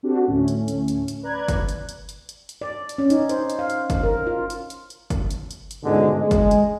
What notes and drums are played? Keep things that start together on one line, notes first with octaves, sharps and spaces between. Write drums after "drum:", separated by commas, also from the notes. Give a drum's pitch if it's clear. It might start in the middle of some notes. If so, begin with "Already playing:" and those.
C4 D4 F#4 G4 A4
D2 A2 A3 C#4
drum: hi-hat
drum: hi-hat
drum: hi-hat
drum: hi-hat
B4 D5 A#5 F#6 G#6
drum: kick, hi-hat
drum: hi-hat
drum: hi-hat
drum: hi-hat
drum: hi-hat
drum: hi-hat
D5
drum: hi-hat
C#4
D#4, drum: hi-hat
C5, drum: hi-hat
drum: hi-hat
F5
drum: hi-hat
drum: kick, hi-hat
A#4
F4
drum: hi-hat
drum: hi-hat
drum: hi-hat
drum: kick, hi-hat
drum: hi-hat
drum: hi-hat
drum: hi-hat
C#2 G#2 B2 D3 G#3
G#3
drum: kick, hi-hat
drum: hi-hat